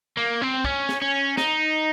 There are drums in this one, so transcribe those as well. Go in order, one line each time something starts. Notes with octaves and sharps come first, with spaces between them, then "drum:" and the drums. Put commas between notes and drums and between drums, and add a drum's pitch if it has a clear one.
A#3
C4
C#4, drum: kick
drum: snare
C#4
D#4, drum: snare